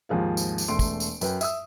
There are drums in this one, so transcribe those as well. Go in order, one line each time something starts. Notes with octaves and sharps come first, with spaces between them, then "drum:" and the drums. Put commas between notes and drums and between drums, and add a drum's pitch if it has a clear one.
D#2 G#2 F3 G#4 F5
drum: tambourine
drum: tambourine
E1 A3 C6 D7
drum: kick, tambourine
drum: tambourine
F#2 B4 G5, drum: tambourine
E5 D#6 E6, drum: tambourine